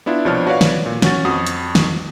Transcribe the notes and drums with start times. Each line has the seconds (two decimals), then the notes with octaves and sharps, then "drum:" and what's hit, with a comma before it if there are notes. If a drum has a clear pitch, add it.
0.06 B3 D4 E4 F4
0.25 C2 B2 F3 D4 C#5 F6
0.47 F#4 B4 C#5 D5 F5
0.61 drum: snare
0.86 A#2
1.02 C#4 F#4 A6, drum: snare
1.25 F2 F#4 D#6
1.47 drum: hi-hat
1.75 drum: snare